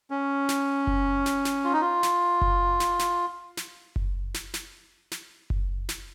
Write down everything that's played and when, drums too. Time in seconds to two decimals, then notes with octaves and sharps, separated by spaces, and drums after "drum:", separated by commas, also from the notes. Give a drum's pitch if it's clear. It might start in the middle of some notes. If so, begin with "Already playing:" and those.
0.11 C#4
0.49 drum: snare
0.87 drum: kick F#1
1.26 drum: snare
1.45 drum: snare
1.64 F4
1.73 D#4
1.81 F4
2.03 drum: snare
2.41 drum: kick F#1
2.80 drum: snare
2.99 drum: snare
3.57 drum: snare
3.96 drum: kick F#1
4.34 drum: snare
4.54 drum: snare
5.11 drum: snare
5.50 drum: kick F#1
5.89 drum: snare